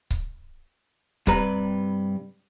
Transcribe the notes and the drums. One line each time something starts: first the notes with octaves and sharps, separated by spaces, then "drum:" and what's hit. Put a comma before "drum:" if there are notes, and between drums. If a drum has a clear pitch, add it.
drum: kick C#1
G2 C3 G3 B4 A#5, drum: kick C#1